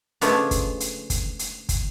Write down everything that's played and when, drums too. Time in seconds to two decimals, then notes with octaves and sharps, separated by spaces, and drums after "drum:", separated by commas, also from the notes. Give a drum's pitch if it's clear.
0.21 C#3 F3 G#3 A3 B3 D4, drum: hi-hat
0.51 drum: kick, hi-hat
0.80 drum: hi-hat
1.10 drum: kick, hi-hat
1.39 drum: hi-hat
1.69 drum: kick, hi-hat